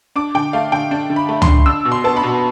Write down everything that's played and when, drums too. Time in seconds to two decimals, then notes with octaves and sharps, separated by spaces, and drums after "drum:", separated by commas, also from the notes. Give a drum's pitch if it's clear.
0.16 D4 D6
0.35 D3 G5
0.53 A3 F5
0.72 D3 G5
0.91 D4
1.10 D3
1.16 B5
1.29 A3
1.42 C6, drum: tom
1.47 D3
1.66 D4 E6
1.85 B2
1.92 C6
2.04 B3 A5
2.17 B5
2.23 B2